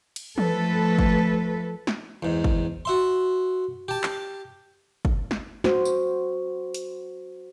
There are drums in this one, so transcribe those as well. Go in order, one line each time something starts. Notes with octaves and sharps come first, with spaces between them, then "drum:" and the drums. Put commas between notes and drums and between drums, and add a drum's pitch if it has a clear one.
drum: cymbal
F3 A3 A4 B4, drum: tom E3
drum: kick
drum: snare
E2 G#2
drum: kick
F#4 E5 C6
G4 A5
drum: clap
drum: kick
drum: snare
F#4 C5, drum: snare
drum: tambourine
drum: hi-hat